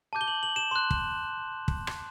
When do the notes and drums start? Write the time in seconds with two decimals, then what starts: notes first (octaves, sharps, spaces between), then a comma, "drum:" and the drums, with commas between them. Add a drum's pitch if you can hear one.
0.13 A5 D6 G6
0.21 G7
0.28 F#7
0.43 F#7
0.56 E7
0.71 C6 F#6
0.91 drum: kick
1.68 drum: kick
1.87 drum: rim click